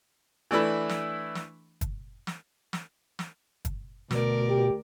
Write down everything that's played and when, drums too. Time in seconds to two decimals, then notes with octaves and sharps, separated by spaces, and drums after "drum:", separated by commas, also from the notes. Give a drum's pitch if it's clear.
0.51 E3 A3 D4 E4 B4
0.89 drum: snare
1.35 drum: snare
1.81 drum: kick, hi-hat
2.27 drum: snare
2.73 drum: snare
3.19 drum: snare
3.65 drum: kick, hi-hat
4.11 D2 B2 A#4 D5, drum: snare
4.49 G4